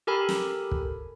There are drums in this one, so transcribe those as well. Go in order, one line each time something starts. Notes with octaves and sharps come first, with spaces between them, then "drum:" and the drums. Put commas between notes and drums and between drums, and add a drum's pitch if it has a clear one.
G4 A4 A#4 G#5 B5
drum: snare
drum: kick